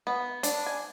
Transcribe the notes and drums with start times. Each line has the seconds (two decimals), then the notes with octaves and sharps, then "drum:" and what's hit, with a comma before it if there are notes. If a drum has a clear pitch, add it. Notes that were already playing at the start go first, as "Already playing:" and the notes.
0.07 B3
0.43 D4, drum: hi-hat
0.66 G#5